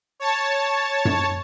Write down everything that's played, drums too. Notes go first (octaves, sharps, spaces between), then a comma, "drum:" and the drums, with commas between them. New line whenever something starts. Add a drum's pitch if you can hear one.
C#5 A5
drum: tom F#2